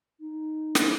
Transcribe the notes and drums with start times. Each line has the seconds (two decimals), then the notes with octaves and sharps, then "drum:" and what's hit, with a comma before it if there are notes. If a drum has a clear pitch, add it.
0.20 D#4
0.75 drum: snare